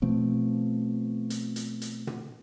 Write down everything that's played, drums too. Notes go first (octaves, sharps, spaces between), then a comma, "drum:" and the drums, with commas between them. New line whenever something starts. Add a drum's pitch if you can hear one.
B2 F3 A3 C4
drum: hi-hat
drum: hi-hat
drum: hi-hat
drum: tom